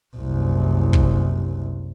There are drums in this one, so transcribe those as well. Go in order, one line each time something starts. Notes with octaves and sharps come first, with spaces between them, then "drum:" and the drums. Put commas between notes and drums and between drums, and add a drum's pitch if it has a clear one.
F#1 C2
drum: kick